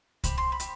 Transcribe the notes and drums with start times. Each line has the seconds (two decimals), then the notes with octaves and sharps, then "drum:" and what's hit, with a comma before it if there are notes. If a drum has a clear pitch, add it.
0.24 C4 G4 B5, drum: kick C2, hi-hat
0.38 C6
0.52 B5
0.60 C4 G4, drum: hi-hat